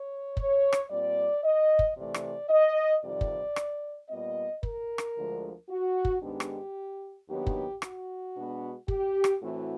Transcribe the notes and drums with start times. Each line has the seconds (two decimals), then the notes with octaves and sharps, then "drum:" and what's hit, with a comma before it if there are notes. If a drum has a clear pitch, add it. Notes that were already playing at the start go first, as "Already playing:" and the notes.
Already playing: C#5
0.37 C#5, drum: kick
0.73 drum: rim click
0.90 A#2 G3 C4 D5
1.43 D#5
1.79 drum: kick
1.96 C3 E3 A3 D5
2.14 drum: rim click
2.49 D#5
3.03 F2 C3 D#3 G3 D5
3.21 drum: kick
3.56 drum: rim click
4.09 A#2 G3 B3 D#5
4.63 A#4, drum: kick
4.98 drum: rim click
5.16 D2 D3 F3 G#3
5.69 F#4
6.05 drum: kick
6.22 G#2 D#3 G#3 B3 D4 G4
6.40 drum: rim click
7.28 D#2 D#3 F#3 B3 D4 G4
7.47 drum: kick
7.82 F#4, drum: rim click
8.35 B2 G#3 B3 D4
8.88 G4, drum: kick
9.24 drum: rim click
9.42 A2 E3 A3 C4 F#4